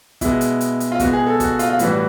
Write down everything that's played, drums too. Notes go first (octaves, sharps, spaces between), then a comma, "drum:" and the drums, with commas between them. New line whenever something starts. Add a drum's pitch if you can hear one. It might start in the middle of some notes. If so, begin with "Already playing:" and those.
B2 G#3 E4, drum: kick, hi-hat
drum: hi-hat
drum: hi-hat
drum: hi-hat
F4
B2 G#3 F#4, drum: kick, hi-hat
G#4
A4
F#4, drum: kick, hi-hat
F4, drum: hi-hat
F4
A2 E3 G3 F#4, drum: hi-hat